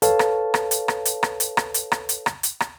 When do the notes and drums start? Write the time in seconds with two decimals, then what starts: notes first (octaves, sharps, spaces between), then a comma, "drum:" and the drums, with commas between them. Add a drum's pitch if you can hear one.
0.02 A4 B4 C#5 F5 A5, drum: hi-hat
0.19 drum: rim click
0.54 drum: rim click
0.71 drum: hi-hat
0.88 drum: rim click
1.05 drum: hi-hat
1.23 drum: rim click
1.40 drum: hi-hat
1.57 drum: rim click
1.74 drum: hi-hat
1.92 drum: rim click
2.09 drum: hi-hat
2.26 drum: rim click
2.43 drum: hi-hat
2.60 drum: rim click